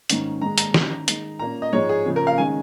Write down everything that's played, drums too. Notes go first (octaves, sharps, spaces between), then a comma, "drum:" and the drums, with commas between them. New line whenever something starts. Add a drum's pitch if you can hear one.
G#2 D#3 C#4, drum: hi-hat
G#2 D#3 G#3 A#5
A#5, drum: hi-hat
D#3 C#4, drum: snare
D#3 G#3 D#4, drum: hi-hat
A#2 A#3 C#4 A#5
D#5
G#2 F3 G#3 D#4 C#5
G#4
C#3 F3 C#4
A#4
F5
D#3 G#3 C#4 G#5